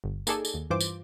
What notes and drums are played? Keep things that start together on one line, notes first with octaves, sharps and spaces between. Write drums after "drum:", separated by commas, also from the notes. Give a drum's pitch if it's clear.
G1
A#3 D#4 G#4 A4 D5 G#5, drum: tambourine
drum: tambourine
D#2
G2 E3 F4 C5 D6
drum: tambourine